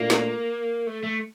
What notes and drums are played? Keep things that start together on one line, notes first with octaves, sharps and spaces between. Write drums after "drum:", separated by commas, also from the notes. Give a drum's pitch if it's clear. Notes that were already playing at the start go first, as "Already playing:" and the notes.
Already playing: A#2 A3 A#3 D4 F4
drum: snare
A3
A3